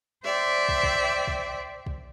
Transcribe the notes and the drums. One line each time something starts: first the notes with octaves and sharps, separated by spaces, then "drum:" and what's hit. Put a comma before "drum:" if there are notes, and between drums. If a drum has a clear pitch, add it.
C5 D5 E5 G5
drum: kick
drum: kick
drum: kick
drum: kick